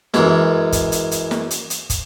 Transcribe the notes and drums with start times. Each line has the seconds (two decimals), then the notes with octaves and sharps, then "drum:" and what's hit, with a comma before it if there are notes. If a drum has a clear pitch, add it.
0.14 F#2 E3 G#3, drum: snare
0.72 drum: kick, hi-hat
0.92 drum: hi-hat
1.11 drum: hi-hat
1.31 drum: snare
1.51 drum: hi-hat
1.70 drum: hi-hat
1.90 drum: kick, hi-hat